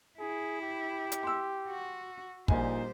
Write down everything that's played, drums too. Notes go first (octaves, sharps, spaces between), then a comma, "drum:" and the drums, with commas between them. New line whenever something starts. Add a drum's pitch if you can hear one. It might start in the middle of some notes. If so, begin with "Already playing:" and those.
E4 G#4
G4
drum: hi-hat
C6 E6
F#4
A#1 A#2 G3 D#4 C5 G#5, drum: kick